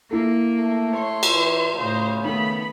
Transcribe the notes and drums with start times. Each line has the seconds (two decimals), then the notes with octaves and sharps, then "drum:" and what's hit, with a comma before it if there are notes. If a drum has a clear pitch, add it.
0.11 A#3 E4 A4
0.59 A3
0.96 C#5 C6
1.23 drum: cymbal
1.33 E3
1.78 A2 C#3 C5
2.24 D#3 A3 B3 B5